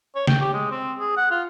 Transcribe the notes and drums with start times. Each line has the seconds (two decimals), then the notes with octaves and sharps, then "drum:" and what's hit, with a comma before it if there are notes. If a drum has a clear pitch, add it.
0.16 C#5
0.27 G5, drum: snare
0.41 G4
0.53 G#3
0.71 C4
0.99 G#4
1.17 F#5
1.31 F4